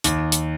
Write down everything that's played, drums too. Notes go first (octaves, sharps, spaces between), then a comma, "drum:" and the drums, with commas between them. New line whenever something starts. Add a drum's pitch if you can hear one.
D#2, drum: hi-hat
drum: hi-hat